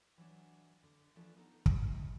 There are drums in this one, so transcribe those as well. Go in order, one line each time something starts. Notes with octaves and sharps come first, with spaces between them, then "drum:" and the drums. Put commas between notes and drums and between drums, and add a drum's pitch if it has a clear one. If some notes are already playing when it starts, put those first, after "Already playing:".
E3 F#3 D4
D3
E3 F3 A3 D4 A4
B3 D#4 A4
drum: kick
G#3 C4 D#4 E4 C5 G5